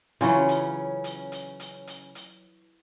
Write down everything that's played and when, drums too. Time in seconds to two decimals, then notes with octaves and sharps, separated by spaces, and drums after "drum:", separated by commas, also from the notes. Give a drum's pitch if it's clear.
0.21 C#3 E3 F#3 C#4 F4, drum: hi-hat
0.48 drum: hi-hat
1.04 drum: hi-hat
1.32 drum: hi-hat
1.60 drum: hi-hat
1.87 drum: hi-hat
2.15 drum: hi-hat